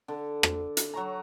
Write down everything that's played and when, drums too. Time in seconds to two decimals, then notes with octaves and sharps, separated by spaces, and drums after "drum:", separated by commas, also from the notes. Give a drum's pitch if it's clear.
0.08 D3
0.43 drum: rim click
0.77 drum: hi-hat
0.94 F#3 C#5 A#5